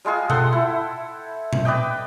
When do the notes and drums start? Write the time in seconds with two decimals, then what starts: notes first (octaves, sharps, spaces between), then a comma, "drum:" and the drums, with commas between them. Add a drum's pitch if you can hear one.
0.05 G3 G#3 F4 G#4
0.30 A4 F#5 G5 C6, drum: tom B2
0.53 E4
1.53 drum: tom A#2
1.65 B4 D5 D#5 G5